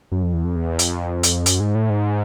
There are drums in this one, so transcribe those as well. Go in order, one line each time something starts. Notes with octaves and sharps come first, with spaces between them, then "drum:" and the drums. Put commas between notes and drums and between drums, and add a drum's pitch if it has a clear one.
F#2
F2
E2
F2
E2
F2, drum: hi-hat
drum: hi-hat
F#2, drum: hi-hat
G#2
A2
G#2